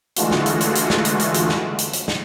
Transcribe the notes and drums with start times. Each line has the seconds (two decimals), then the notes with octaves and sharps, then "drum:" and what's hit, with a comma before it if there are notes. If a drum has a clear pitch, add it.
0.16 D3 E3 G#3 A3 F4 F#4, drum: hi-hat
0.31 drum: snare
0.46 drum: hi-hat
0.61 drum: hi-hat
0.75 drum: hi-hat
0.90 drum: snare
1.05 drum: hi-hat
1.20 drum: hi-hat
1.34 drum: hi-hat
1.49 drum: snare
1.78 drum: hi-hat
1.93 drum: hi-hat
2.08 drum: snare